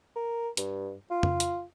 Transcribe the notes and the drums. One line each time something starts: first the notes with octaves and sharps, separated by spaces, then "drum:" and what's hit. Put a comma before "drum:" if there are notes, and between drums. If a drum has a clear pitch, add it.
A#4
G2, drum: hi-hat
F4
drum: tom
drum: hi-hat